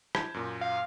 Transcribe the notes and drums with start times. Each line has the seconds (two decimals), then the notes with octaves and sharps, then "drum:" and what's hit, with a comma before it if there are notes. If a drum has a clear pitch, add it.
0.15 A5 G6 G#6, drum: rim click
0.34 F#2 A#2
0.61 F5